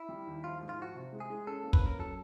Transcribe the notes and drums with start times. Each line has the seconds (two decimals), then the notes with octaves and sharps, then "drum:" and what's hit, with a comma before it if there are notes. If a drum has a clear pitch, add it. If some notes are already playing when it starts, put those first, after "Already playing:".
Already playing: E4
0.09 G3
0.27 D#2
0.44 F3 F4
0.61 G#2
0.69 F4
0.78 F3 F#4
0.95 C3
1.13 G#3
1.20 G#4
1.30 G#3
1.47 C#4 A4
1.64 A#3
1.73 B4, drum: kick
1.81 C#4
1.86 A#4
1.98 F#3 A4